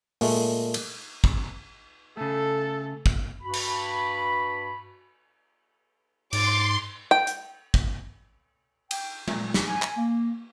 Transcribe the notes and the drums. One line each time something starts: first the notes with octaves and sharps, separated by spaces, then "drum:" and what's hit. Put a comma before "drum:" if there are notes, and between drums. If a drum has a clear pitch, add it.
A#2 G#3 A3, drum: open hi-hat
drum: cymbal
drum: kick
C#3 A3 A4
drum: kick
G2 F#4 B5
drum: cymbal
G#2 C6 D6 A6, drum: cymbal
G5
drum: hi-hat
drum: kick
G5, drum: cymbal
A#2, drum: tom G#3
drum: snare
G#5
drum: clap
A#3